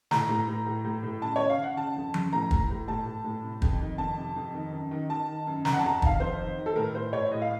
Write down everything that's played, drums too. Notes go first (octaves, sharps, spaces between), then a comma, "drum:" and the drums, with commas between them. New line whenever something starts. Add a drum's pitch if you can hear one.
A2 A#5, drum: snare
A2
A2
A2
A2
A2
C#3 A5
C#3 C#5
F5
C#3 F#5
C#3 A5
F2
C#3, drum: tom F3
A2 A#5
A2, drum: kick
A2
A2 A5
A2
A2
C3
F2, drum: kick
D#3
F2 A5
C3
F2
D#3
F#2
D#3
D#3 A5
D#3
F#2
F2 A#5, drum: snare
F#5
A5
F2 A#5
A5
D#3 F5, drum: kick
F2 C5
D#3
D#3
A4
A2 A#4
A2 C5
A2 C#5
A2 D#5
F5